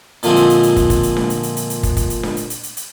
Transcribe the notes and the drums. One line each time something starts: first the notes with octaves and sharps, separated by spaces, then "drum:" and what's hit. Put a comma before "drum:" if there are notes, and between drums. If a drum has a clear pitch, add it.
A#2 D3 F3 G#3 C4, drum: hi-hat
drum: hi-hat
drum: hi-hat
drum: hi-hat
drum: kick, hi-hat
drum: kick, hi-hat
drum: hi-hat
drum: snare D4
drum: hi-hat
drum: hi-hat
drum: hi-hat
drum: hi-hat
drum: kick, hi-hat
drum: kick, hi-hat
drum: hi-hat
drum: snare D4
drum: hi-hat
drum: hi-hat
drum: hi-hat
drum: hi-hat